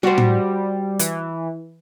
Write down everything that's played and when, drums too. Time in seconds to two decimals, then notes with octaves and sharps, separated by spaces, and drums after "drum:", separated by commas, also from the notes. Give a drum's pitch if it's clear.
0.03 G3 F#4 C5
0.18 drum: tom A2
0.99 E3, drum: hi-hat